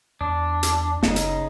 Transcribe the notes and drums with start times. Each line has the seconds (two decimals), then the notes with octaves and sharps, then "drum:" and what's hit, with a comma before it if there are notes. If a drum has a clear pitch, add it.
0.21 E2 D4
0.63 drum: hi-hat
1.03 F#1 C#3 D#4, drum: snare
1.16 drum: hi-hat